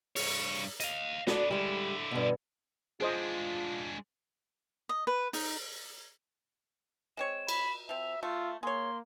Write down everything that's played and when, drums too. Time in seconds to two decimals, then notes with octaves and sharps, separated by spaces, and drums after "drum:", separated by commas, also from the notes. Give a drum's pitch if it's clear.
0.16 G2 C#5, drum: open hi-hat
0.80 D#5 F5, drum: hi-hat
1.27 B3 D4 F#4 A4 D5, drum: snare
1.51 D3 G3 G#3 E4
2.11 G2 B2
3.00 G#3 D4 F4 G#4 C5 D#5
4.89 D#5
5.07 B4
5.33 D#4, drum: open hi-hat
7.17 G#3 C4 C#5 E7
7.48 B5, drum: cymbal
7.89 F3 C4 E5 F7
8.23 A3 F4 E6
8.63 A#3 G#4 C#5 C6